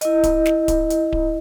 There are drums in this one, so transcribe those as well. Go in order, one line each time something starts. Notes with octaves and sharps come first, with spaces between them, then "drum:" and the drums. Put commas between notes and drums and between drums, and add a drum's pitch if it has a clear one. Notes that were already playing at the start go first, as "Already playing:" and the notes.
E4 D#5, drum: hi-hat
drum: kick D1, hi-hat
drum: snare
drum: kick D1, hi-hat
drum: hi-hat
drum: kick D1